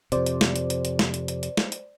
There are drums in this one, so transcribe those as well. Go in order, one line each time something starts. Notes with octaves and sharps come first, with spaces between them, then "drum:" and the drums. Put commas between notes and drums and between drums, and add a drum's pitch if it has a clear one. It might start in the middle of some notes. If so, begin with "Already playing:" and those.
F2 C3 C5 D5, drum: hi-hat
drum: hi-hat
drum: snare
drum: hi-hat
drum: hi-hat
drum: hi-hat
drum: snare
drum: hi-hat
drum: hi-hat
drum: hi-hat
drum: snare
drum: hi-hat